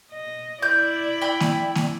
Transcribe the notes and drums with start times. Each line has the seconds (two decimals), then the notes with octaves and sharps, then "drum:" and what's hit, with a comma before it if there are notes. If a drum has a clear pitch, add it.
0.12 D#5
0.62 E4 D5 G6
1.21 G5 B5
1.40 drum: snare A#3
1.75 drum: snare A#3